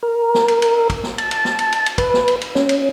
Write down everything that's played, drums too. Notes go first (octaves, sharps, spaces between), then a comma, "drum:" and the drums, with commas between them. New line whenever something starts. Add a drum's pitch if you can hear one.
A#4
drum: snare
drum: cymbal
drum: cymbal
drum: kick, cymbal
drum: snare
A5, drum: cymbal
drum: cymbal
drum: snare
drum: cymbal
drum: cymbal
drum: cymbal
B4, drum: kick, cymbal
drum: snare
drum: cymbal
drum: cymbal
C#4, drum: snare
drum: cymbal